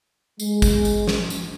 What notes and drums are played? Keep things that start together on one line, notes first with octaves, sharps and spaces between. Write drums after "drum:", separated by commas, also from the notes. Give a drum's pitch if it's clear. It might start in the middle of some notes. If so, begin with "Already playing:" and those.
G#3, drum: tambourine
drum: kick G#1, tambourine
drum: tambourine
drum: snare
drum: tambourine